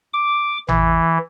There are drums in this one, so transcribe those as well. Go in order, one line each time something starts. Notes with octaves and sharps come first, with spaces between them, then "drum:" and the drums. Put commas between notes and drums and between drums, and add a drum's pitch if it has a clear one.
D6
E3, drum: tom G#1